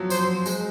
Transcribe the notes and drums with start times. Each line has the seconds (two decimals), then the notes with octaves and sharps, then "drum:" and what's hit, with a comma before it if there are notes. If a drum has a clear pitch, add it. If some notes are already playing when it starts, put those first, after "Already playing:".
Already playing: F3 F#3
0.10 C5, drum: tambourine
0.46 G#3, drum: tambourine